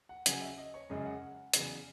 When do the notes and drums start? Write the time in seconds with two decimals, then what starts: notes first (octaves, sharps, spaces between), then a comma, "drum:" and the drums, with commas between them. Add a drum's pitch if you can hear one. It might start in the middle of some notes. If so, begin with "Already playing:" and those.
0.09 F#5
0.26 C#3 F#3 C#4 F#5, drum: hi-hat
0.41 E5
0.58 D#5
0.74 C#5
0.90 F#2 C#3 G#3 C#4 D#5
1.06 F#5
1.53 E2 C#3 F#3, drum: hi-hat